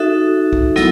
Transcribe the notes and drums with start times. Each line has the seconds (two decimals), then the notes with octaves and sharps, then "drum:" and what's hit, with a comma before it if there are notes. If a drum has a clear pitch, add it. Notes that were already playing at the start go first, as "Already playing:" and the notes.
Already playing: D#4 F#4 A4 E5
0.53 drum: kick
0.76 F#3 B3 E4 A4, drum: snare